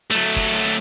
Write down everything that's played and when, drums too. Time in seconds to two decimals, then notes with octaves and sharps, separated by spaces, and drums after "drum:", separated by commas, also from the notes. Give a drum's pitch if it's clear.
0.11 F#3 A3, drum: open hi-hat
0.36 drum: kick
0.62 drum: hi-hat